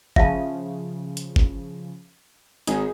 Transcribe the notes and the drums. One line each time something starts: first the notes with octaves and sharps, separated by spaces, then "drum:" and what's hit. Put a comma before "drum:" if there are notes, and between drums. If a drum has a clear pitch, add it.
C#3 F3 E5 F5 A5, drum: kick G1
drum: hi-hat
drum: kick G1
G#1 D#4 G#4, drum: hi-hat